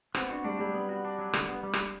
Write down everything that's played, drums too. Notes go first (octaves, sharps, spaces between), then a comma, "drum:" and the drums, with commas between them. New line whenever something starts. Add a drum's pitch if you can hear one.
B3 C4, drum: rim click
D4 F#4
G3 D4
F#3 G3
B3
F#4
D4
F#3
D3, drum: rim click
B3
G3
drum: rim click